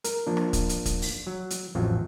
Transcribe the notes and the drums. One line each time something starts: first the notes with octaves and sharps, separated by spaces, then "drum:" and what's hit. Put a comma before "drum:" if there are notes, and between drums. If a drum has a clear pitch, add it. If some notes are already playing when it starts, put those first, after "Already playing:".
A#4, drum: hi-hat
F3 A#3 D4
drum: rim click
drum: kick, hi-hat
drum: hi-hat
drum: kick, hi-hat
drum: open hi-hat
F#3
drum: hi-hat
A1 F2 F3 F#3